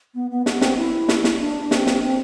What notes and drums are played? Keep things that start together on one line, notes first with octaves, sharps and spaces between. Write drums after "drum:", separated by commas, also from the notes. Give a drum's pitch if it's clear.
B3
B3
B3, drum: snare
C4, drum: snare
E4
drum: snare
drum: snare
D4
D4, drum: snare
C4
drum: snare
C4